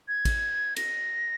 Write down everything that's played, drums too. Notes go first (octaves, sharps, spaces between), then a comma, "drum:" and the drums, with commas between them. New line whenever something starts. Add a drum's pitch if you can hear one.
G#6
drum: kick, cymbal
A#6, drum: cymbal